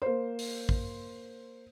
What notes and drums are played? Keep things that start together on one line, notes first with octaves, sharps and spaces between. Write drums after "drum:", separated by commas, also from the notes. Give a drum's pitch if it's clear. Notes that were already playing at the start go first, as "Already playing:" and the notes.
A#3 C5
drum: open hi-hat
drum: kick